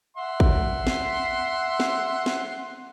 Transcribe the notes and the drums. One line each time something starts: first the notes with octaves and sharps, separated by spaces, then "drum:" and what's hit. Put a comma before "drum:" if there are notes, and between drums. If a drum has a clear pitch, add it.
E5 F#5 C6
drum: kick
drum: snare
drum: snare
drum: snare